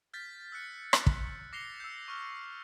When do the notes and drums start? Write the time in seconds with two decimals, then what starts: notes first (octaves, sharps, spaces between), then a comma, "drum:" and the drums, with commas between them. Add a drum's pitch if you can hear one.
0.14 F6 G6 A6 B6
0.52 E6 F#6 C#7
0.93 drum: rim click
1.06 drum: kick
1.53 D6 A#6 C7 C#7 F7 G7
1.80 E6 G6
2.08 C#6 F6